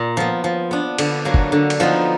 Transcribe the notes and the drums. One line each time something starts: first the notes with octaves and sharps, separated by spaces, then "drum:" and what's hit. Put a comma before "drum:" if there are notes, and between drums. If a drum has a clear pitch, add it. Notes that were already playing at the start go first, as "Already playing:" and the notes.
Already playing: A#2
F3 B3
F3
B3 D4
D3, drum: cymbal
F#3 A#3
drum: kick
D3
drum: cymbal
F3 B3 D#4